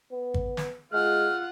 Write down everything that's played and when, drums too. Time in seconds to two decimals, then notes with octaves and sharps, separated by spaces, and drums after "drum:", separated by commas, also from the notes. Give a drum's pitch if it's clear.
0.11 B3
0.34 drum: kick
0.57 drum: snare
0.93 G#3 F4 F#5 F6